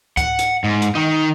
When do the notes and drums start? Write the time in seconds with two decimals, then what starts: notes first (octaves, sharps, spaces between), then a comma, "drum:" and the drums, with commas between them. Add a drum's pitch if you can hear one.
0.17 F#5, drum: kick C#2, hi-hat
0.39 drum: hi-hat
0.64 G#2
0.82 drum: hi-hat
0.95 D#3 D#4